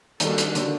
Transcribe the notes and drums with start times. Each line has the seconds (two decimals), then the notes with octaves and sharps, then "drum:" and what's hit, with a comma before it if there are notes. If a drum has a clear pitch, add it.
0.20 D#3 G3 A#3 D4 F#4 A4, drum: hi-hat
0.38 drum: hi-hat
0.55 D3, drum: hi-hat